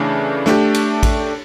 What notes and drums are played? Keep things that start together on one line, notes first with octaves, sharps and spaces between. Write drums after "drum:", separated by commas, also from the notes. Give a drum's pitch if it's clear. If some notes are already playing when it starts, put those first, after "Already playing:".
Already playing: C#3 E3 A3 D4
A3 D4 G4, drum: snare
drum: cymbal
drum: kick A1, cymbal